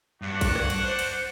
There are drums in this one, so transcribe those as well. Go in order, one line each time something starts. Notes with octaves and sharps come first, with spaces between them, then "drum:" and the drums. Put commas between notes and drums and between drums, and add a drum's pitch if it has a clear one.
G2 D4 F#4 F#5
drum: kick, cymbal
drum: rim click
drum: cymbal
C5
drum: cymbal